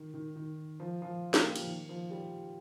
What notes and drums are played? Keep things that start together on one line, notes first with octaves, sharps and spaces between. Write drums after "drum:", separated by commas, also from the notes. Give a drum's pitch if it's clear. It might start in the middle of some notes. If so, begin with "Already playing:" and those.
Already playing: D#3
D#3
D#3
F3
F3
A#3, drum: snare
G3
F3, drum: cymbal
D#3
F3
G3